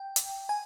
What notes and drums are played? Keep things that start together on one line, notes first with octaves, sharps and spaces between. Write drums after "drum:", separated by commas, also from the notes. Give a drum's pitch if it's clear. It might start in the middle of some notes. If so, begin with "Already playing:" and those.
Already playing: G5
drum: hi-hat
G#5